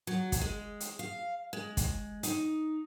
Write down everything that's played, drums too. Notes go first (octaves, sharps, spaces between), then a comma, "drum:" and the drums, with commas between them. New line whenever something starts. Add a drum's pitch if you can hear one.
F#3
drum: kick, hi-hat
G#3
drum: hi-hat
F5
G#3
drum: kick, hi-hat
D#4, drum: hi-hat